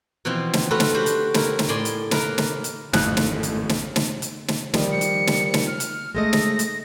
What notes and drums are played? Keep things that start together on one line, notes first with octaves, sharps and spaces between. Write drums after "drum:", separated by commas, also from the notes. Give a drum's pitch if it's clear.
B2 E3 F3 C4
drum: snare
A3 F4 F#4 A4 B4
drum: snare
D4 F#4 G4 C5
drum: hi-hat
E4 A#4, drum: snare
drum: snare
A2 D5 G#5 C6
drum: hi-hat
A#3 D#4 A#4 B4, drum: snare
drum: snare
drum: hi-hat
G#1 F2 A2 F#6, drum: snare
drum: snare
drum: hi-hat
drum: snare
drum: snare
drum: hi-hat
drum: snare
D#3 F3 G3, drum: snare
C#7
drum: hi-hat
drum: snare
drum: snare
F6
drum: hi-hat
G#3 A3 D#5 A#6
drum: snare
drum: hi-hat